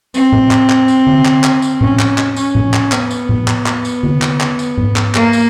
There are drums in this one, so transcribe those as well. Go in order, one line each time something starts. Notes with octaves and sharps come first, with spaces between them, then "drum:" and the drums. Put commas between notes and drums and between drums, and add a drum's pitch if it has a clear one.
C4, drum: tambourine
drum: tom A2
drum: clap
drum: clap
drum: tambourine
drum: tom D3
drum: clap
drum: clap
drum: tambourine
C#4, drum: tom A2
drum: clap
drum: clap
C#4, drum: tambourine
drum: tom A2
drum: clap
B3, drum: clap
drum: tambourine
drum: tom A2
drum: clap
drum: clap
drum: tambourine
drum: tom D3
drum: clap
drum: clap
drum: tambourine
drum: tom G#2
drum: clap
A#3, drum: clap
drum: tambourine